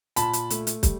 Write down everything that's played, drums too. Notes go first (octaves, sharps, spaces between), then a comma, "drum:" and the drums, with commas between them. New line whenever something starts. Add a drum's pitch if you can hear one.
A#2 A5 B5, drum: hi-hat
drum: hi-hat
A3, drum: hi-hat
drum: hi-hat
G3, drum: kick, hi-hat